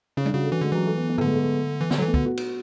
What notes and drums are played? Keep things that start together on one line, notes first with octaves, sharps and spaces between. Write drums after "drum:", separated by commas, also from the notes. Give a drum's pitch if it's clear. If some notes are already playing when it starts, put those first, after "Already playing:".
C#3 C#4
D4, drum: tom G3
C#3 F#4
A4
E3 F#4
D3 G#3
E3 F#3
A3
B3
B3
A3, drum: tom G#2
D3 G#3
A3
E3
D3, drum: snare
F#3 A3
E3
B3
D3 F#4, drum: kick
F#4
drum: cymbal